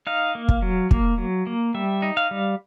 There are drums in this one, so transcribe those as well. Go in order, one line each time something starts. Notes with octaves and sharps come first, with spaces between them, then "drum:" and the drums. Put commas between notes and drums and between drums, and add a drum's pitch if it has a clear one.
D#4 F5
A#3
drum: kick
F#3
A#3, drum: kick
F#3
A#3
G3 E5
D#4
F5
G3